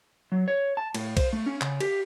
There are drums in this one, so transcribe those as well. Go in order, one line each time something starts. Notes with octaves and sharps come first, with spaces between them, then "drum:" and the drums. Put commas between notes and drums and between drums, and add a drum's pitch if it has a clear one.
F#3
C#5
A5
A2, drum: cymbal
C5, drum: kick B1, cymbal
A3
C#4
C#3, drum: clap
G4, drum: cymbal